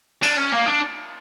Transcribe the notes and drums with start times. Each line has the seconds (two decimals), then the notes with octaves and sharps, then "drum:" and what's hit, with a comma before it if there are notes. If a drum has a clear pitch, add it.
0.23 D4, drum: cymbal
0.37 C#4
0.52 A#3
0.66 D4